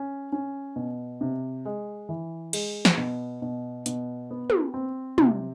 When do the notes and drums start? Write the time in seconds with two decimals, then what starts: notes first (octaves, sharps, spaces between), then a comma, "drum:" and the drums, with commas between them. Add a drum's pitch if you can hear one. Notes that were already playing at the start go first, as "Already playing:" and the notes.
Already playing: C#4
0.32 C#4
0.76 B2
1.21 C3
1.65 G#3
2.09 E3
2.53 G#3, drum: cymbal
2.85 drum: snare
2.97 B2
3.42 B2
3.86 B2, drum: hi-hat
4.31 B3
4.50 drum: tom
4.74 C4
5.18 C3, drum: tom